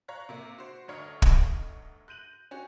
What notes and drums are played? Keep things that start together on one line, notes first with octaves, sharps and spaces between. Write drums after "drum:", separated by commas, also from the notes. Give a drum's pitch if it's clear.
C#5 F5 A#5 F#6
C3 A#3
F#4 C5
G1 D2 D#4 C#5 F6 C#7
drum: kick
F#6 G6 D#7 F#7
C#4 F#4 G4